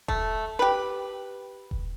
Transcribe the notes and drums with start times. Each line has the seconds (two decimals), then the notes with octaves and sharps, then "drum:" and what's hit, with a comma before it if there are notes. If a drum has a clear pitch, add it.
0.08 A3, drum: kick E1
0.59 G4 B4
1.71 drum: kick E1